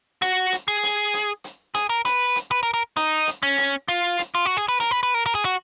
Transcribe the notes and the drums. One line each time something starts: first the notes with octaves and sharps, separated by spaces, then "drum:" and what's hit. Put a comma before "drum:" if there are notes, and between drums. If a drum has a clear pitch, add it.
F#4, drum: hi-hat
drum: hi-hat
G#4
drum: hi-hat
drum: hi-hat
drum: hi-hat
G#4, drum: hi-hat
A#4
B4, drum: hi-hat
drum: hi-hat
B4
A#4
A#4
D#4, drum: hi-hat
drum: hi-hat
C#4
drum: hi-hat
F4
drum: hi-hat
F4
F#4
G#4
B4
A#4, drum: hi-hat
B4
B4
A#4
A#4
G#4
F#4